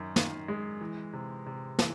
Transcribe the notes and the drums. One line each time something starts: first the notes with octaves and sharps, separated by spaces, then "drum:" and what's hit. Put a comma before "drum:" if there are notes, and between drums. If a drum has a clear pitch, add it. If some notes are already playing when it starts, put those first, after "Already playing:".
Already playing: F#2 D#3
D#3, drum: snare
G#3
E3
C3
C3
E3, drum: snare